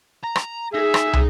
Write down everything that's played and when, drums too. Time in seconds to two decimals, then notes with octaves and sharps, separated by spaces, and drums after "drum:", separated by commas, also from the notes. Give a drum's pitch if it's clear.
0.24 A#5
0.36 drum: rim click
0.74 D#4 G#4 E5
0.94 drum: rim click
1.13 drum: tom